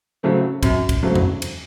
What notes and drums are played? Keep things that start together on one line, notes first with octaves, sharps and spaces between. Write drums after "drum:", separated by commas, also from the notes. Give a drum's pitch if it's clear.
C#3 F#3 A3 C4
F#2, drum: kick, cymbal
drum: kick, cymbal
C#3 F#3 A3 C4
drum: tom E2
drum: cymbal